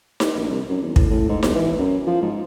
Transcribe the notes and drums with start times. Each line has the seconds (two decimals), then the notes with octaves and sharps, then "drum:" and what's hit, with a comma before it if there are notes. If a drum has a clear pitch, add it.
0.20 drum: snare D#4
0.36 A#1
0.49 C2
0.69 F#2
0.81 E2
0.96 A2, drum: kick
1.10 A2
1.29 G#2
1.43 B1, drum: snare D#4
1.55 E3
1.78 F#2
2.07 F3
2.22 G#2